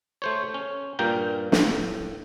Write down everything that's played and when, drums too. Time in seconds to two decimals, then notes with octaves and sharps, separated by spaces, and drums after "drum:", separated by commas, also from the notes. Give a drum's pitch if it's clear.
0.22 A3 C5 C#5
0.54 C#4
0.99 G2 A#2 A#3 A#4 G5
1.52 A2, drum: snare